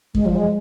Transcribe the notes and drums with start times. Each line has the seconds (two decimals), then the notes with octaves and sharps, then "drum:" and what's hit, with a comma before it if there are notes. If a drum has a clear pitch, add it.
0.15 G#3, drum: kick F#2
0.26 F3
0.36 G#3